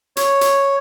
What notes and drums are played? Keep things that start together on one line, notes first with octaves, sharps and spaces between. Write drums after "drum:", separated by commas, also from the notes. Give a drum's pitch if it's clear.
C#5, drum: hi-hat
drum: hi-hat